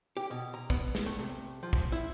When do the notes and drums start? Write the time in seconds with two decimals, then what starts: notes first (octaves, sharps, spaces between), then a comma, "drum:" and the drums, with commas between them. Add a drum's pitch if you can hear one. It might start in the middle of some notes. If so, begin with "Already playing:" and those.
0.17 G4
0.30 B2
0.54 A#5
0.70 B3, drum: kick
0.95 drum: snare
1.06 A3
1.19 C3
1.63 F3
1.73 drum: kick
1.92 E4